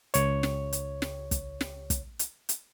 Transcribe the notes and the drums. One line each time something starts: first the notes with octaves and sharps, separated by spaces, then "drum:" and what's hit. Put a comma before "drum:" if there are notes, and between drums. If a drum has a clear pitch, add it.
C#2 C#5, drum: hi-hat
drum: snare
drum: hi-hat
drum: snare
drum: kick, hi-hat
drum: snare
drum: kick, hi-hat
drum: hi-hat
drum: hi-hat